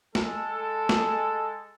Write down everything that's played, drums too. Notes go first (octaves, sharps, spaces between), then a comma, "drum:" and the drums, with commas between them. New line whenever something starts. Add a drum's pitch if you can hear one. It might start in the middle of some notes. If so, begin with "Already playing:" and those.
G#3 A4, drum: snare
drum: snare